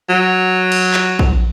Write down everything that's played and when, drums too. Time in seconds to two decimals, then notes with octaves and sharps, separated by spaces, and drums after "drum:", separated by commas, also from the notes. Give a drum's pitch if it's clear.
0.10 F#3
0.72 drum: cymbal
0.93 drum: clap
1.19 drum: kick A#1